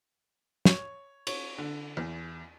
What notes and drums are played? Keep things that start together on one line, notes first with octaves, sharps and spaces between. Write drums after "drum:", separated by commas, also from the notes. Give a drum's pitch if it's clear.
C#5, drum: snare
C#5, drum: cymbal
D3
E2